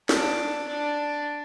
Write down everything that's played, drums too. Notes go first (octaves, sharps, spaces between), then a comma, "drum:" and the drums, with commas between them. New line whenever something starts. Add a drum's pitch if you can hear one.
D4, drum: snare
D4